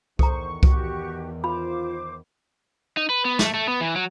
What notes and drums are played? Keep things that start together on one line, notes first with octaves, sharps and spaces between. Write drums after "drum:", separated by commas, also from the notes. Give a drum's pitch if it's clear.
E2 D#3 A4 C5 A#5 C#6, drum: kick C2
F#4 G4, drum: kick C2
F4 C5 B5 D6
D#4
B4
B3
A3, drum: snare
A3
B3
E3
F#3